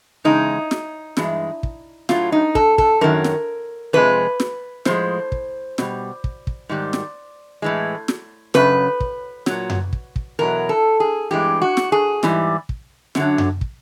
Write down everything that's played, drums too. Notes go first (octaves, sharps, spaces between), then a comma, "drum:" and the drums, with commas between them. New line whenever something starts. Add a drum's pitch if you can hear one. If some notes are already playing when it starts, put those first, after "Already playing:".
E2 C#3 G#3 D#4
drum: snare
G2 E3 G#3, drum: snare
drum: kick
A2 F#3 F4, drum: snare
D#4
A4, drum: kick
A4, drum: kick
F#2 D#3 F#3 A#4
drum: snare
F2 C3 F3 G#3 B4
drum: snare
A2 F3 G#3 C5, drum: snare
drum: kick
B2 G3, drum: snare
drum: kick
drum: kick
G#2 D#3 G3
drum: snare
A2 E3 G#3
drum: snare
F#2 C#3 B4, drum: snare
drum: kick
A#2 F#3, drum: snare
drum: tom F#2
drum: kick
drum: kick
E2 B2 F#3 A#4
A4
G#4
G2 E3 G#3 G4
F#4
drum: snare
G#4
G#2 E3 G3, drum: snare
drum: kick
F#2 D3 F#3, drum: snare
drum: tom F#2
drum: kick